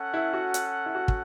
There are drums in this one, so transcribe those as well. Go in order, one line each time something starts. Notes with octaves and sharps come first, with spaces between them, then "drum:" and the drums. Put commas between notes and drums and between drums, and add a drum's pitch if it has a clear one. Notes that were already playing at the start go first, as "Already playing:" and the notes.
Already playing: C#4 A4 F#5
E4
F#4
drum: hi-hat
E4
F#4
drum: kick